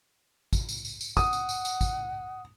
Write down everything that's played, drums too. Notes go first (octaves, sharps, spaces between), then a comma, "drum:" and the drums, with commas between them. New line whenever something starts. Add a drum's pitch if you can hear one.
drum: kick, tambourine
drum: tambourine
drum: tambourine
drum: tambourine
F#5 D#6, drum: kick, tambourine
drum: tambourine
drum: tambourine
drum: tambourine
drum: kick, tambourine